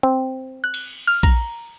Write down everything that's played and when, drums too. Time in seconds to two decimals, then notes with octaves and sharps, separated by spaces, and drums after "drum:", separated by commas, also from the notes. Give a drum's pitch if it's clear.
0.03 C4
0.64 F#6
0.74 drum: cymbal
1.07 F6
1.23 A#5, drum: kick A#1, cymbal